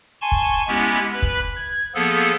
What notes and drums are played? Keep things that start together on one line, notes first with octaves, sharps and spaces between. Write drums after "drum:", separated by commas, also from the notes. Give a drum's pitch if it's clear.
G#5 A5 C6 C#6
drum: kick
G#3 B3 C#4 E4 G4
B4 B5
drum: kick
G#6
F3 A#3 B3 G#4 A4